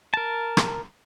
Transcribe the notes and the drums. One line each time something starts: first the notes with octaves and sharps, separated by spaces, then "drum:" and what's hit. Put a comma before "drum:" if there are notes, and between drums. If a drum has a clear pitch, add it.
A#4 A5
drum: rim click